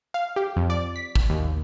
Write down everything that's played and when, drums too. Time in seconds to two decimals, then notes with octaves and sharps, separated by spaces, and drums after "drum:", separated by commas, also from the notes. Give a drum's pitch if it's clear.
0.14 F5
0.36 G4
0.57 F2
0.70 D5
0.96 B6
1.15 drum: kick
1.30 D#2